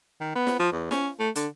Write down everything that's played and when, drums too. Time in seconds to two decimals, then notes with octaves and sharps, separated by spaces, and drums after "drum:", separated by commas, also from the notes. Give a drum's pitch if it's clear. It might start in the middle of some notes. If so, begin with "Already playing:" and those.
0.21 D#3
0.35 B3
0.47 drum: snare
0.59 F3
0.72 E2
0.91 C#4, drum: snare
1.20 A3
1.36 D3, drum: hi-hat